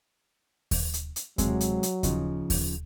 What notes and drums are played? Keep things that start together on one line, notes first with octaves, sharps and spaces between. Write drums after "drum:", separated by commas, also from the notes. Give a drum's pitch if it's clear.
drum: kick D#2, open hi-hat
drum: hi-hat
drum: hi-hat
C3 F#3 G#3 C4, drum: kick D#2, hi-hat
drum: hi-hat
drum: hi-hat
C#3 F3 D#4, drum: kick D#2, hi-hat
drum: kick D#2, open hi-hat